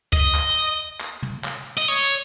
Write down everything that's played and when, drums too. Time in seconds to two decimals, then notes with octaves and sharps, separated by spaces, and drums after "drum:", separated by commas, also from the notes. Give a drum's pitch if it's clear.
0.13 D#5, drum: kick
0.35 drum: clap
1.01 drum: clap
1.23 drum: tom
1.44 drum: clap
1.77 D#5
1.88 C#5